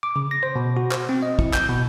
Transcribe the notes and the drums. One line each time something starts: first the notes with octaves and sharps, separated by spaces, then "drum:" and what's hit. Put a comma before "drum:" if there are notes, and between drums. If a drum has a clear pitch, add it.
D6
C#3
A#6
C5
B2
F#4
C5, drum: clap
C4
D#5
E4, drum: kick
G6, drum: clap
B2